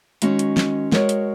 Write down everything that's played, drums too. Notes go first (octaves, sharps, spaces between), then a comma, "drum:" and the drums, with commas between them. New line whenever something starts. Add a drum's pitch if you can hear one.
D#3 G#3 C#4 F#4, drum: hi-hat
drum: hi-hat
drum: snare
G#3 F#4 A#4 C#5, drum: snare
drum: hi-hat